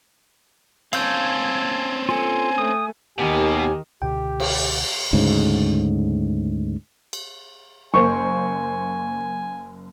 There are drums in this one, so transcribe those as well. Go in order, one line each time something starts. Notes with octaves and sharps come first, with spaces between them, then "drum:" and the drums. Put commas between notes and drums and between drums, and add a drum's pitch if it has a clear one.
C4 C#4 F5 G#5 A5 G6 G#6, drum: cymbal
F4 A4 G#5
A3 D#6
D#2 B2 D#3 G4 G#5
C#2 B2 D3 G4 G5
drum: cymbal
D2 G#2 C#3
drum: cymbal
F#1 A#3 C5 G#5 C#6